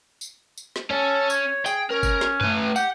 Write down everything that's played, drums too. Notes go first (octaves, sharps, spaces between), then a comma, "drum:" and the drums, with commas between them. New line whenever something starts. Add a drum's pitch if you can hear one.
drum: tambourine
drum: tambourine
drum: snare
C#4 A4
C#5, drum: tambourine
G#4 G5, drum: tambourine
C#4 A#4
drum: kick F#1, tambourine
drum: snare
A3 B4, drum: tom F#2
G4 F#5, drum: tambourine